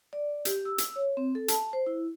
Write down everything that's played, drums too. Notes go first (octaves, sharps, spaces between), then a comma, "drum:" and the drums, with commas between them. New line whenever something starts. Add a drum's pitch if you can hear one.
D5
G4, drum: hi-hat
E6
drum: hi-hat
C#5
C4
A4
A5, drum: hi-hat
C5
E4